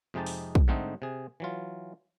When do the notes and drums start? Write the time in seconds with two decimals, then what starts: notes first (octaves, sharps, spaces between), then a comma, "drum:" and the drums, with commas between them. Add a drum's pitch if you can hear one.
0.14 F2 C3 G#3 D#4 G4 A5
0.26 drum: open hi-hat
0.55 drum: kick
0.68 G#2 D3 A3 C4 D#4
1.02 C3 G#4
1.40 E3 F#3 F4